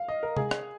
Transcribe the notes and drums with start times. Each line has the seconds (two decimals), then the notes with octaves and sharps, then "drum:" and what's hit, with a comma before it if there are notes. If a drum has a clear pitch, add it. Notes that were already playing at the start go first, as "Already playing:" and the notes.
Already playing: F5
0.08 D#5
0.23 A#4
0.37 G#4, drum: tom C3
0.51 drum: rim click